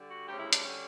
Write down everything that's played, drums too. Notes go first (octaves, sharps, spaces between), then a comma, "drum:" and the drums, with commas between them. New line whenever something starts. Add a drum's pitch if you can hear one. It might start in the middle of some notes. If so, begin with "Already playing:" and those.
Already playing: D3 G3
F#4
D2 C#3 G3 G4
E4
D4, drum: hi-hat
D3 G3 C#4